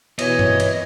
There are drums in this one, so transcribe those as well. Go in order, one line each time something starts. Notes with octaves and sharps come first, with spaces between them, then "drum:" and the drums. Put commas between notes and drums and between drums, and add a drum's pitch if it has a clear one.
B2 E3 C#5 D#5, drum: cymbal
drum: tom G2
drum: cymbal